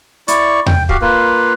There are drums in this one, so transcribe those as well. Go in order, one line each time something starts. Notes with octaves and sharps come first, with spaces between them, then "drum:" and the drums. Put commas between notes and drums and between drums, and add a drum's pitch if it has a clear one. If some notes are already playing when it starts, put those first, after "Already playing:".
E4 D5 C#6, drum: hi-hat
G5, drum: tom E2
F#4 G4 F5, drum: kick
A#3 F4 B4